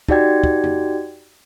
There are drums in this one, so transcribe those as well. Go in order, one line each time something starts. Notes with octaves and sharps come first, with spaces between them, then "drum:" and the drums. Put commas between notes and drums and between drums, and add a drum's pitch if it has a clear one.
D#4 F#4 G4 D5 G5 G#6, drum: kick
drum: kick
drum: tom